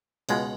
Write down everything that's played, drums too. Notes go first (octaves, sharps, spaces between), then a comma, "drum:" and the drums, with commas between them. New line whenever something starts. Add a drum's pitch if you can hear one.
C#2 B2 G#3 B3 F4, drum: cymbal